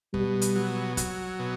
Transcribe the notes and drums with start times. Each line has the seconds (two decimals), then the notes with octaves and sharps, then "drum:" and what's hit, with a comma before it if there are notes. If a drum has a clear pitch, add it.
0.14 B2 G3, drum: kick
0.41 drum: hi-hat
0.55 F#3
0.97 F#3, drum: kick, hi-hat
1.39 B2